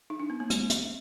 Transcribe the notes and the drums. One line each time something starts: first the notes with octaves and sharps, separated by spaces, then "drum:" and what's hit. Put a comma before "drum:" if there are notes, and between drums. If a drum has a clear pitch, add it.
D#4
D4
B3
A#3
G#3, drum: hi-hat
drum: hi-hat